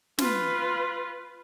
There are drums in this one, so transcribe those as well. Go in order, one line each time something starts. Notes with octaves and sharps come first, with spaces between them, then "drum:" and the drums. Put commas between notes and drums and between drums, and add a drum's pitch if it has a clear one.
F4 B4, drum: snare